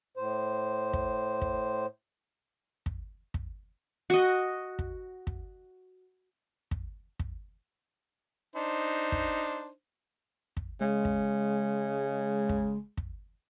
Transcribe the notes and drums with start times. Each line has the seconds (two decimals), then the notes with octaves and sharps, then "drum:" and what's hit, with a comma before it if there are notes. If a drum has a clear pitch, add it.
0.17 A2 C5
0.93 drum: kick
1.41 drum: kick
2.86 drum: kick
3.34 drum: kick
4.10 F#4 D#5
4.79 drum: kick
5.27 drum: kick
6.71 drum: kick
7.19 drum: kick
8.56 D4 D#4 C5
9.12 drum: kick
10.57 drum: kick
10.81 C#3 G#3
11.05 drum: kick
12.49 drum: kick
12.97 drum: kick